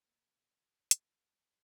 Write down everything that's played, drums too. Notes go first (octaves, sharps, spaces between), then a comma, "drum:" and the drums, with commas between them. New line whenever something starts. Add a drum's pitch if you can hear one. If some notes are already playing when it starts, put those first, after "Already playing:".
C3 A#3 D4 F#4 A#4
drum: hi-hat